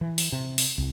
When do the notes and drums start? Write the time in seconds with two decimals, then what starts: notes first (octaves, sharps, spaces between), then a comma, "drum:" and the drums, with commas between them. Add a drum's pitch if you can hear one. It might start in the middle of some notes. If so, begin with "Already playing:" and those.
0.01 E3
0.18 drum: open hi-hat
0.32 C3
0.58 drum: open hi-hat
0.78 C2